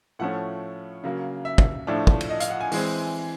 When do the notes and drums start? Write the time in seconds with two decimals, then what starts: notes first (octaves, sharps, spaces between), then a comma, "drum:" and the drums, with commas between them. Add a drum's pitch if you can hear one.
0.19 A2 F3 A3 C#4 F#5
1.04 C#3 F#3 A#3
1.45 E5
1.58 drum: kick
1.87 A2 F3 A3 D4
2.07 drum: kick
2.21 drum: cymbal
2.30 D#5
2.40 F5, drum: hi-hat
2.50 F#5
2.61 G#5
2.72 E3 G#3 C4, drum: open hi-hat